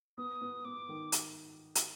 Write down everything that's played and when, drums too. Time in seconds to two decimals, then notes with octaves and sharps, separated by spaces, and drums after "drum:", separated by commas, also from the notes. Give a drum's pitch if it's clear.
0.18 B3 D#6
0.41 B3
0.65 B3 D6
0.89 D#3
1.12 drum: hi-hat
1.75 drum: hi-hat